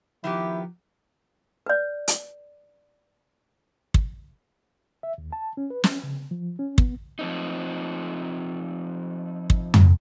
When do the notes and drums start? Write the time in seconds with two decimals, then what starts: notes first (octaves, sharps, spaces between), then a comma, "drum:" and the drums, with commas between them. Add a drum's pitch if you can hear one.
0.24 D#3 F3 B3 E4 G4
1.66 B4 D5
2.08 drum: hi-hat
3.94 drum: kick
5.03 E5
5.18 D#2
5.32 A5
5.57 C#4
5.70 B4
5.84 C#4, drum: snare
6.04 C#3
6.31 F3
6.59 C#4
6.78 B3, drum: kick
7.19 F3 C4 D#4
9.50 drum: kick
9.74 drum: tom F2